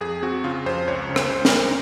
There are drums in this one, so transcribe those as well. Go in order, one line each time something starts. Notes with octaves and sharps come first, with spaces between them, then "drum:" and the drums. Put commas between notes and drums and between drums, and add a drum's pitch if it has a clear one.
F2 G#4
C4 F#4
C#3 F4
F2 C5
C#2 C#5
C#3
C5, drum: rim click
C#2
A#4, drum: snare
C#2